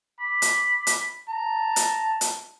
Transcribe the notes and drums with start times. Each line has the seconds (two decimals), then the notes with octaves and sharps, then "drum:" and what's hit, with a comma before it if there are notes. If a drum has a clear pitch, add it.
0.19 B5 D6
0.42 drum: hi-hat
0.87 drum: hi-hat
1.29 A5 A#5
1.76 drum: hi-hat
2.21 drum: hi-hat